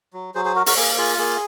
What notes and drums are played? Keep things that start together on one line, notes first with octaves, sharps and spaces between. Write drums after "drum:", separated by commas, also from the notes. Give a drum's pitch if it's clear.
F#3
F#3 G#4 C5
G#4 C5
F#4 A#4
F#4 A#4, drum: open hi-hat
A#3 G#4
F4 G#4
A#3 G#4